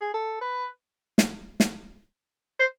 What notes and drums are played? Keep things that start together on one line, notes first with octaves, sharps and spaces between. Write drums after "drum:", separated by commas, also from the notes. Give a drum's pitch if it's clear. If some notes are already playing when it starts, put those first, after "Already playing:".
G#4
A4
B4
drum: snare
drum: snare
C5